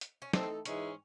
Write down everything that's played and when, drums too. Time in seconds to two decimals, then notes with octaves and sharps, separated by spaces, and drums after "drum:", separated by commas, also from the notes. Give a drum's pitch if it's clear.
0.01 drum: hi-hat
0.22 C#4
0.33 E3 A3 C4 D#4 A4, drum: snare
0.65 G#2 E3 G#3 C#4 D#4 G#4, drum: hi-hat